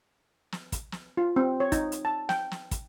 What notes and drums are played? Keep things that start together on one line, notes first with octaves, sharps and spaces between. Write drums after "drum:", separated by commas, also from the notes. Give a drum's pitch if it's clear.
drum: snare
drum: kick, hi-hat
drum: snare
F4
C4
C#5
D#4, drum: kick, hi-hat
drum: hi-hat
A5
G5, drum: snare
drum: snare
drum: kick, hi-hat